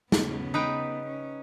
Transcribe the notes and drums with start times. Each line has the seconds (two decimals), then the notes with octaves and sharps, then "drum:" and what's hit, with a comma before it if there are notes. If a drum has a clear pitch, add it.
0.12 C#3 B3, drum: snare
0.54 D#4 B4 G5
1.07 C#4